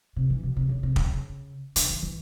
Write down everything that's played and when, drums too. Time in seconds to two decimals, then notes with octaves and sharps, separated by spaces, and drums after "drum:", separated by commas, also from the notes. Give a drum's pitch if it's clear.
0.16 C3
0.30 E3
0.43 B2
0.56 C3
0.69 C#3
0.83 C3
0.96 C#3, drum: kick
1.76 D3, drum: hi-hat
1.89 D#3
2.03 E3